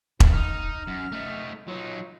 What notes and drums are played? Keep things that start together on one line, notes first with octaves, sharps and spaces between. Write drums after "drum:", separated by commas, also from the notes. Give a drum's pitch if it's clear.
A2 A3 A#4, drum: kick E1
D#4 F6
F#2
A3 D#4
F#3 D#4 F4 C#5